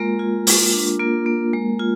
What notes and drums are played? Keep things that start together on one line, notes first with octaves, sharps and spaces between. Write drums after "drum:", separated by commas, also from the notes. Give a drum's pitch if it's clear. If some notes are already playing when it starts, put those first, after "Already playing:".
Already playing: G#3 A#3 F4 A#4
F4
F4, drum: open hi-hat
D4
A#3 F4 A#4
A#3
G#3
F4